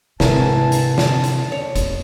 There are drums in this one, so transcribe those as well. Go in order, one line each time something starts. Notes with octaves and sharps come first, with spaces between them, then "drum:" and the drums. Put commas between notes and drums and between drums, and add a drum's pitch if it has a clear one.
G#2 C3 E3 E4 A#4 A5, drum: snare
drum: hi-hat
drum: snare
drum: hi-hat
C#5
drum: kick F#1, hi-hat